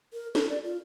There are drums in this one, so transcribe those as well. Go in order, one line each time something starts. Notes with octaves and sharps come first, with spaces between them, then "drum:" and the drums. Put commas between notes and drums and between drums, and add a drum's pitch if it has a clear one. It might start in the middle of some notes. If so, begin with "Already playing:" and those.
A#4
A4, drum: snare
D5
F4